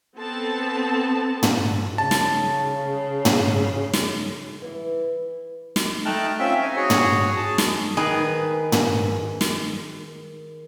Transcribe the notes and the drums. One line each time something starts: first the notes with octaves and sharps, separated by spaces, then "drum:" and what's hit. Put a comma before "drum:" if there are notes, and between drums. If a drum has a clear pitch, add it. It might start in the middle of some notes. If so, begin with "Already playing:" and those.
B3 C4 A4 A5
drum: tom
C#3 A5
drum: snare
drum: tom
drum: snare
E3
drum: snare
A3 D#4 G5 A5 F6 F#6
C4 C#4 F4 E5 G5
D#4 G#5
F#4 G#4 C#5
drum: tom
G#4 A5
drum: snare
D#3 G#4 B4
drum: tom
drum: snare